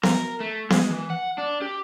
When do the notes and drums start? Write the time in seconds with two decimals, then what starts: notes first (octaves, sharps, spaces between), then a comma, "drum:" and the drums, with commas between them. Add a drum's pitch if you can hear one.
0.03 A#4, drum: snare B3
0.40 A3
0.70 G#3, drum: snare B3
0.90 E3
1.10 F#5
1.38 D4
1.62 G4